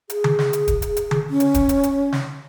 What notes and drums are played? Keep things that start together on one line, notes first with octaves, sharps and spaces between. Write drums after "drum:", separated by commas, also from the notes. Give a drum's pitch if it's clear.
G#4, drum: hi-hat
drum: tom D3
drum: snare
drum: hi-hat
drum: kick, hi-hat
drum: hi-hat
drum: hi-hat
drum: tom D3
C#4
drum: hi-hat
drum: kick, hi-hat
drum: hi-hat
drum: hi-hat
drum: snare